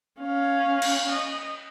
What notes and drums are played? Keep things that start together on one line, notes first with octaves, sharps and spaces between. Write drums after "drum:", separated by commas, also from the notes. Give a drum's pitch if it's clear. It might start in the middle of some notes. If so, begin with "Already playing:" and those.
C#4 F5
drum: cymbal
D#5